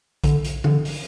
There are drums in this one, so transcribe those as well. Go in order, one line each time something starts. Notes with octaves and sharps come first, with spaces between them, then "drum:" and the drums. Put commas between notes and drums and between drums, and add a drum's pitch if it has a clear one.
D3, drum: kick A#1, hi-hat
drum: hi-hat
D3, drum: tom E3
drum: open hi-hat